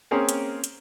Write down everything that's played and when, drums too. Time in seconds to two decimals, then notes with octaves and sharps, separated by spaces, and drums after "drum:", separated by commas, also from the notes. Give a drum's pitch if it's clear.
0.11 A#3 C4 C#4 G#4 A#4
0.29 drum: hi-hat
0.64 drum: hi-hat